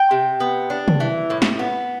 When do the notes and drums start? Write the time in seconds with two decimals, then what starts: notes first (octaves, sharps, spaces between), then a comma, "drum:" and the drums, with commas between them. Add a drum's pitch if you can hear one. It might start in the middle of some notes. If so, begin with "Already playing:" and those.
Already playing: G5
0.11 C3
0.40 B3
0.70 D4
0.88 drum: tom
1.00 E3
1.30 A2
1.42 drum: snare
1.59 B3